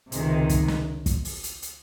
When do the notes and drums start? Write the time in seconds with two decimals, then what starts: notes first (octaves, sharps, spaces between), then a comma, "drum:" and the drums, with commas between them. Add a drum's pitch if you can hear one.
0.12 C#2 C3 D#3 G#3, drum: hi-hat
0.49 drum: kick, hi-hat
0.68 drum: snare
1.06 drum: kick, hi-hat
1.25 drum: open hi-hat
1.44 drum: hi-hat
1.62 drum: hi-hat